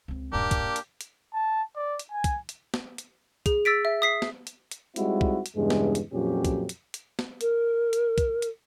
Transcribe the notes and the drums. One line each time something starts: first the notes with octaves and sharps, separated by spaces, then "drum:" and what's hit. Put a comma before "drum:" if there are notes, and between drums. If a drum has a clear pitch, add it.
C#2 C4
D#1 G2 A#3 D4 G4 A#4
drum: kick, hi-hat
drum: hi-hat
drum: hi-hat
A5
D5
drum: hi-hat
G#5
drum: kick, hi-hat
drum: hi-hat
drum: snare
drum: hi-hat
G#4, drum: kick, hi-hat
E6 A6 B6 D7
E5
D#6 B6 C7
drum: snare
drum: hi-hat
drum: hi-hat
G3 G#3 C4 D#4 E4 F#4, drum: hi-hat
drum: kick
drum: hi-hat
E2 G2 C#3 G#3
drum: snare
drum: hi-hat
F2 A#2 F#3 C#4 G4
drum: kick, hi-hat
drum: hi-hat
drum: hi-hat
drum: snare
A#4, drum: hi-hat
drum: hi-hat
drum: kick, hi-hat
drum: hi-hat